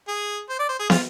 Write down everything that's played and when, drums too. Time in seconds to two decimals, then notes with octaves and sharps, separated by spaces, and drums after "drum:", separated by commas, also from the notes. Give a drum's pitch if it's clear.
0.08 G#4
0.49 C5
0.59 D5
0.69 C5
0.80 G#4
0.90 F4, drum: snare